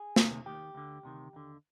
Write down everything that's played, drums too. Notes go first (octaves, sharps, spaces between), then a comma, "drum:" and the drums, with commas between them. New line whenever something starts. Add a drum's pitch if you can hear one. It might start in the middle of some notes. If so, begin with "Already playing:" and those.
Already playing: G#4
D2 C3 D#3, drum: snare A#3
D#2 D#3 G4
D2 D3
D2 C3 D#3
D#2 D3